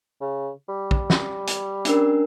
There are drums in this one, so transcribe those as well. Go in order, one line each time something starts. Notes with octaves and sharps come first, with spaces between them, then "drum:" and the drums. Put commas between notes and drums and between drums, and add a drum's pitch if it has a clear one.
C#3
G3
drum: kick
drum: snare
drum: hi-hat
C#4 D4 A#4, drum: hi-hat